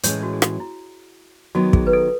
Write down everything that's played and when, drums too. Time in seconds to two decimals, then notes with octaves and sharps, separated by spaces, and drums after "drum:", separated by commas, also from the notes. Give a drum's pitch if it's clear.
0.03 A2 E3 G#3 C#4 C#5, drum: hi-hat
0.23 F#4
0.33 G#4
0.42 F#4, drum: rim click
0.60 E4
1.55 D#3 F#3 B3 F#4
1.73 G#4, drum: kick
1.87 B4
1.93 A4